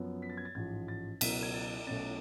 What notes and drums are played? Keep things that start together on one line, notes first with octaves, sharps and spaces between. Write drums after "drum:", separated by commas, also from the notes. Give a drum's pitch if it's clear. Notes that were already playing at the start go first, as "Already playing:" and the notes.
Already playing: F#2 F3 B3
B6
A6
G#6
A6
A1 G#2 F3 G#6
A6
C#2 B2 F#3 B3 B6, drum: cymbal
G#6
A6
B1 B2 A3 C#4 A6